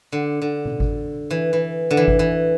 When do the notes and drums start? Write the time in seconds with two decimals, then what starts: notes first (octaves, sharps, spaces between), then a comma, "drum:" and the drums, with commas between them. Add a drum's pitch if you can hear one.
0.12 D3
0.42 D3
0.65 drum: tom B2
0.80 drum: kick G#1
1.31 E3
1.53 E3
1.91 D3
1.97 E3
2.08 drum: kick G#1
2.19 E3